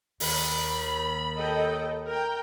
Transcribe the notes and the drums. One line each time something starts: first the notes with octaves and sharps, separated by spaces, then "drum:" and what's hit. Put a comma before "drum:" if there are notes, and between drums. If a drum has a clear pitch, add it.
D#2 D#3 B5, drum: open hi-hat
A4 D#5 G5
A#4 G5